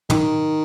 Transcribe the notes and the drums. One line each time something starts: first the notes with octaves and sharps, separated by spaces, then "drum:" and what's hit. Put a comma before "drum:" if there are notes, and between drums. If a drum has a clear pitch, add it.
D#3, drum: tom